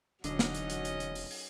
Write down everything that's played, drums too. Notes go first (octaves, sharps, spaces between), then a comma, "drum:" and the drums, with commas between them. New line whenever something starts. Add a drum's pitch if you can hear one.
E1 D3 F#3 C#4 D#4 F#4 D#5, drum: hi-hat
drum: snare
drum: hi-hat
drum: hi-hat
drum: hi-hat
drum: hi-hat
drum: open hi-hat
drum: open hi-hat